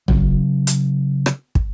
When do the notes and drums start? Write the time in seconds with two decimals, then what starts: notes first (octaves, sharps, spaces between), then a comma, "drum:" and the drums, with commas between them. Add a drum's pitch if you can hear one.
0.08 C#3 F#3, drum: tom
0.67 drum: hi-hat
1.26 drum: rim click
1.55 drum: kick